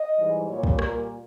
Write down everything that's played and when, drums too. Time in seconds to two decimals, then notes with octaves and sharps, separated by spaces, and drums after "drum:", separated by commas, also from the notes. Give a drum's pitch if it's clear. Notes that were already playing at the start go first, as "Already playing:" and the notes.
Already playing: D#5
0.18 G#2 E3 G3
0.48 A#2 G3 C#5
0.63 drum: kick
0.79 A#2 G3 A#4, drum: rim click